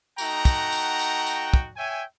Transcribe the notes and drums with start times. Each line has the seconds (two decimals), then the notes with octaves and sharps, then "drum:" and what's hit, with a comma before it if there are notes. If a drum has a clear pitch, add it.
0.18 A3 D#4 F#4 F#5 G5 A#5, drum: tambourine
0.45 drum: kick, tambourine
0.72 drum: tambourine
0.99 drum: tambourine
1.26 drum: tambourine
1.54 drum: kick
1.77 C#5 E5 G5 G#5